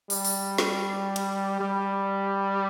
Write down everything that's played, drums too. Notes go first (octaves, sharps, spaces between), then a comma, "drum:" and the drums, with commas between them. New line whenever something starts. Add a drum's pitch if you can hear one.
G3, drum: open hi-hat
drum: open hi-hat
drum: snare
drum: cymbal
G3